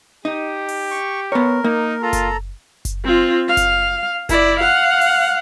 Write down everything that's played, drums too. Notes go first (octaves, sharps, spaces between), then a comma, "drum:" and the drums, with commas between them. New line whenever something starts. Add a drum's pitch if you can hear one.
D#4 G4
drum: open hi-hat
C#6
B3 A#4 C#5
A#3 D#4
F4 A4 A#5
drum: kick F#1, hi-hat
drum: kick F#1, hi-hat
C4 F4
F5
drum: kick F#1, hi-hat
E4 D5, drum: kick F#1, hi-hat
F5 F#5
drum: open hi-hat